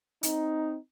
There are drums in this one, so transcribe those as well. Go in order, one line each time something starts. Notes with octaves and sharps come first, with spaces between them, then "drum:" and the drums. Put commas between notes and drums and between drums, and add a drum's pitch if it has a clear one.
C4 D#4, drum: hi-hat